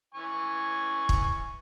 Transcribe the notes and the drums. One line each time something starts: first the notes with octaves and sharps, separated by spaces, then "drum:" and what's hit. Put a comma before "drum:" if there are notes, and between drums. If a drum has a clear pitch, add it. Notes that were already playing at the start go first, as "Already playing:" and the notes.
E3 G#5 C#6
drum: kick